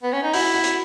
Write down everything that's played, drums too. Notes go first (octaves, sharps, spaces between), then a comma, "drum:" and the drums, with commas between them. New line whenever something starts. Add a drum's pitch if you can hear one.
B3
C#4
D#4
E4 F#4, drum: open hi-hat
F#4
drum: hi-hat